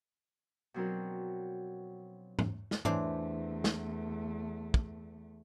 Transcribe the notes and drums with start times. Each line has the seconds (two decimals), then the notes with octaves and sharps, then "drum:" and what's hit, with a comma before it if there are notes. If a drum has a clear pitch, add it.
0.74 B2 F3 F#3 C4 D4 A#4
2.39 drum: tom G#2
2.71 drum: snare
2.85 E2 E3 A3 D4 C5, drum: tom G#2
3.64 drum: snare
4.74 drum: kick